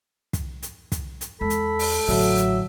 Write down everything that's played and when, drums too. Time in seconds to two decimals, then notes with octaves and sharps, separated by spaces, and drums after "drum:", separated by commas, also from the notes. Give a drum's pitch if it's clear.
0.33 drum: kick, hi-hat
0.62 drum: hi-hat
0.92 drum: kick, hi-hat
1.21 drum: hi-hat
1.41 E2 G#3 A4 B5
1.50 drum: hi-hat
1.79 drum: open hi-hat
2.08 A1 D3 F#3 E5, drum: open hi-hat
2.37 drum: hi-hat